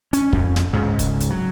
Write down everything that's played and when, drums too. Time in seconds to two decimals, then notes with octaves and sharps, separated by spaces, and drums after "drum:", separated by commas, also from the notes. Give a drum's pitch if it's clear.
0.13 C#4, drum: hi-hat
0.33 F2, drum: kick
0.56 drum: snare
0.73 C#2 G#2 C#3
0.99 drum: kick, hi-hat
1.20 drum: hi-hat
1.30 F#3